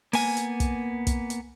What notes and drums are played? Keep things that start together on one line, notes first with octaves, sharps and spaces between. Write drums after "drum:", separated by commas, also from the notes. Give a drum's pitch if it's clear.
A#3 B3 G#5, drum: open hi-hat
drum: hi-hat
drum: kick, hi-hat
drum: kick, hi-hat
drum: hi-hat